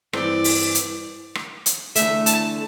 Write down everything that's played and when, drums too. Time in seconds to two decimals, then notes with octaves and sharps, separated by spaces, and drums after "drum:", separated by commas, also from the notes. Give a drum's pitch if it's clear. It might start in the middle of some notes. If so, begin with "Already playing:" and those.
0.13 G2 E3 C4 D5, drum: rim click
0.44 drum: open hi-hat
0.75 drum: hi-hat
1.35 drum: rim click
1.66 drum: hi-hat
1.95 E2 D3 A3 E5, drum: hi-hat
2.26 A5, drum: hi-hat